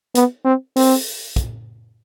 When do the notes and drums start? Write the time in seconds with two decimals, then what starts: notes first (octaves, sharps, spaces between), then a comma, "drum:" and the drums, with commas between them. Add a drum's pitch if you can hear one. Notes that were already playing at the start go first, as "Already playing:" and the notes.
0.15 B3, drum: hi-hat
0.45 C4
0.76 C4, drum: open hi-hat
1.36 drum: kick, hi-hat